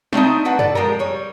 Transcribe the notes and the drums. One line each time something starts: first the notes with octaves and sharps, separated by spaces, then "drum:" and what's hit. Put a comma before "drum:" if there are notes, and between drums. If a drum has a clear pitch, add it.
A3 C4 D4 D#4, drum: snare
D4 F#4 B4 F#5
A4 D5, drum: tom F#2
F3 G#3 G4 A#4
G3 C#5